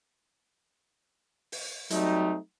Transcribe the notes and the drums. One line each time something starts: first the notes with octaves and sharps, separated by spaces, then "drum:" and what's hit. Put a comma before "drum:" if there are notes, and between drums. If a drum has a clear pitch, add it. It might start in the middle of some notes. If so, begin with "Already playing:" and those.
drum: open hi-hat
F#3 G3 A3 C4 D#4, drum: hi-hat